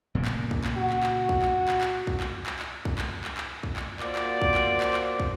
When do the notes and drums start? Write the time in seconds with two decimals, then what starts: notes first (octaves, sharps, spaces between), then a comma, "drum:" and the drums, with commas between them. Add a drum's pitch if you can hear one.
0.15 A#2 C#3 A#3
0.25 drum: clap
0.51 drum: kick
0.64 drum: clap
0.77 F#4
0.90 drum: clap
1.03 drum: clap
1.29 drum: kick
1.42 drum: clap
1.68 drum: clap
1.81 drum: clap
2.07 drum: kick
2.20 drum: clap
2.46 drum: clap
2.59 drum: clap
2.85 drum: kick
2.98 drum: clap
3.24 drum: clap
3.37 drum: clap
3.63 drum: kick
3.76 drum: clap
4.00 A#3 F4 F#4 C5 D5, drum: clap
4.15 drum: clap
4.42 drum: kick
4.55 drum: clap
4.81 drum: clap
4.94 drum: clap
5.20 drum: kick